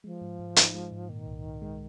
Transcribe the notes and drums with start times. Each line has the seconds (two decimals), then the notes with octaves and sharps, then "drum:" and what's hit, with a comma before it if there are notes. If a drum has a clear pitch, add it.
0.04 F3 G#3
0.21 G#2
0.39 G#2
0.56 D#4, drum: hi-hat
0.74 G#3
0.92 G#2
1.09 A#2 D#3
1.26 C2
1.44 C2
1.62 G#3